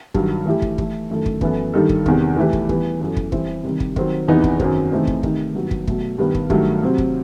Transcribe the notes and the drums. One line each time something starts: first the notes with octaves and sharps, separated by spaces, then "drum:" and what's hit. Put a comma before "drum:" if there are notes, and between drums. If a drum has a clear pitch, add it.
G2 D#3 F#3, drum: kick
E3 A3 E4 G4
drum: kick
E3 A3 E4, drum: kick
F#2 D#3 A3 E4 A4
drum: kick
F#2 E3 B3 E4 A4, drum: kick
G2 D#3 G3 D#4 A4
drum: kick
E2 C3 D#3, drum: kick
E3 A3 E4 G4 B4
drum: kick
E3 G3 B3, drum: kick
F#2 E3 B3 F#4 A4
drum: kick
E3 G3 C4 E4, drum: kick
C3 D#3 G3
drum: kick
D#3 F#3 C4, drum: kick
E2 C3 E3 B3 D#4
drum: kick
F#2 D#3 F#3 C4, drum: kick
C3 E3 A3 C4 D#4
drum: kick
C3 D#3 A3 D#4, drum: kick
G2 D#3 F#3 B3
drum: kick
B2 F#3 A3, drum: kick
G2 D#3 G3 B3
drum: kick
G2 D#3 F#3 A3, drum: kick
C3 F#3 C4
drum: kick